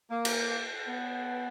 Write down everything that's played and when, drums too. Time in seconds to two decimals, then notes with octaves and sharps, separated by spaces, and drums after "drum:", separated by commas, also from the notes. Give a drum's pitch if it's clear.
0.11 A#3
0.25 drum: cymbal
0.87 B3